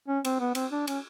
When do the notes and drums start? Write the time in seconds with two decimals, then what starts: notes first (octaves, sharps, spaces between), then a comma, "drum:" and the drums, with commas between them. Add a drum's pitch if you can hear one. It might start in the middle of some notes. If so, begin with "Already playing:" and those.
0.08 C#4
0.25 C4, drum: cymbal
0.40 B3
0.55 C4, drum: cymbal
0.71 D4
0.87 C#4, drum: cymbal